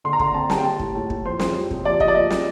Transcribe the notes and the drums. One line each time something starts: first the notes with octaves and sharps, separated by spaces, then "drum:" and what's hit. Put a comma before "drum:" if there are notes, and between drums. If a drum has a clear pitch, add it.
D3 C6
A#5
D3 C6, drum: kick
C4 A5
G3 A5, drum: snare
G5
G3 A5
A2, drum: kick
A2
A2, drum: kick
F2 C5
F2 C5, drum: snare
G3
C3, drum: kick
F3 D5
F3 D#5, drum: kick
D5
F3 D#5
drum: snare